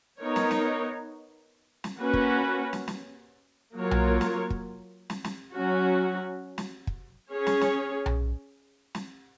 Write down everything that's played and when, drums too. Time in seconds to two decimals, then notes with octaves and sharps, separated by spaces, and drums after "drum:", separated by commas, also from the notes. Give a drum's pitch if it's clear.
0.21 B3 D#4 A#4 C#5
0.36 drum: snare
0.51 drum: snare
1.84 drum: snare
1.99 A#3 C#4 F#4 B4
2.14 drum: kick
2.73 drum: snare
2.88 drum: snare
3.76 F#3 A#3 F4 A#4 C#5
3.91 drum: tom B1
4.21 drum: snare
4.50 drum: kick
5.10 drum: snare
5.24 drum: snare
5.54 F#3 C#4 F#4
6.58 drum: snare
6.87 drum: kick
7.32 C#4 G#4 C#5
7.47 drum: snare
7.61 drum: snare
8.06 drum: tom B1
8.95 drum: snare